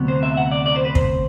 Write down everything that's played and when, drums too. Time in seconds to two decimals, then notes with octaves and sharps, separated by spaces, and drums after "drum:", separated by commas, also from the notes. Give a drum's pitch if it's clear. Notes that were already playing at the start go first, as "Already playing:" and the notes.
Already playing: D2 C3 F#3 B3
0.08 C5
0.23 E5
0.37 F#5
0.51 D5
0.66 D5
0.76 C5
0.85 B4
0.95 C5, drum: kick